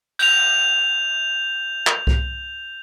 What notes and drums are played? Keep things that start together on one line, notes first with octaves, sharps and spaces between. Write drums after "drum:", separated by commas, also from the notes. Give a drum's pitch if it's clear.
G6 F7, drum: cymbal
drum: clap
drum: kick C2